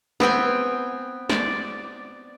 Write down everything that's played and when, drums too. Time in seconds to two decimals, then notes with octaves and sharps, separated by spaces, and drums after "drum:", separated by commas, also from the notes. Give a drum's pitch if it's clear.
0.20 B3 C4 G5 G#5, drum: snare
1.29 D5, drum: snare